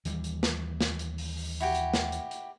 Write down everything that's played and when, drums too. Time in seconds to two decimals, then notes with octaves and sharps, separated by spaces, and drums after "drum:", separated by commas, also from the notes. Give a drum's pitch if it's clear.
0.05 D#2 E3 G3, drum: hi-hat
0.24 drum: hi-hat
0.43 drum: snare
0.81 drum: snare
0.99 drum: hi-hat
1.18 drum: open hi-hat
1.37 drum: open hi-hat
1.60 E4 F#4 G4
1.75 drum: hi-hat
1.94 drum: snare
2.12 drum: hi-hat
2.31 drum: hi-hat